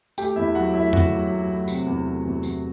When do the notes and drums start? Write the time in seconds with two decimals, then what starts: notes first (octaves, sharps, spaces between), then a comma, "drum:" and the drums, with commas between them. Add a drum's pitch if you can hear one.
0.18 A3 G4 G5, drum: tambourine
0.36 E2 E4 E5
0.55 F#3 F#4 F#5
0.74 A3 E4 E5
0.93 E2 F#4 F#5, drum: tom F2
1.12 F#3
1.31 F#3
1.50 A3
1.68 C3, drum: tambourine
1.87 E2
2.06 A3
2.25 E2
2.43 E2, drum: tambourine